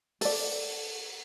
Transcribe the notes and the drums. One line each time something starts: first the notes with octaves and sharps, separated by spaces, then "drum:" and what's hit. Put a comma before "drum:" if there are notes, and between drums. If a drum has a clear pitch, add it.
A4 D5, drum: open hi-hat